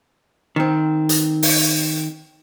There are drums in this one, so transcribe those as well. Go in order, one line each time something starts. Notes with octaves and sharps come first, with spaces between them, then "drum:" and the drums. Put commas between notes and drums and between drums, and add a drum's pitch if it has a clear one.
D#3 C4
drum: hi-hat
drum: open hi-hat